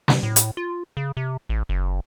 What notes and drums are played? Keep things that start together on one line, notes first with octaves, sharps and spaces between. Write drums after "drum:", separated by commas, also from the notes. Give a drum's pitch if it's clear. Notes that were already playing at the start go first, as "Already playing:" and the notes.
drum: snare
A2
drum: hi-hat
F4
C#3
C3
A1
F#1